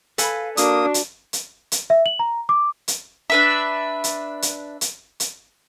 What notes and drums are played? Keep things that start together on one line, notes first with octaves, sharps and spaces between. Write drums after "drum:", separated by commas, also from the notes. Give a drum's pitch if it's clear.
A4 B4 F5 G#5, drum: hi-hat
A#3 D4 F#4 D#6, drum: hi-hat
drum: hi-hat
drum: hi-hat
drum: hi-hat
E5
F#7
A#5
D6
drum: hi-hat
D4 B4 E5
drum: hi-hat
drum: hi-hat
drum: hi-hat
drum: hi-hat